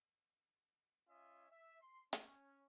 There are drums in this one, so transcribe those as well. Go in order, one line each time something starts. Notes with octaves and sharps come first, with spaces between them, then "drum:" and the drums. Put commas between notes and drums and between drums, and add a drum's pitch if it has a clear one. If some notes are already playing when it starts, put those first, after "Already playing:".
C#4 F4 D#5 E5 G#5
E5
C6
C#4, drum: hi-hat